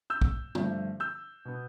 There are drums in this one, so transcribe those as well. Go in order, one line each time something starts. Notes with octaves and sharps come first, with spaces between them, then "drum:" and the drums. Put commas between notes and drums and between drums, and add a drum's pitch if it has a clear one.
E6 G6
drum: kick
G2 F3 A3, drum: tom D3
E6 G6
B2 B3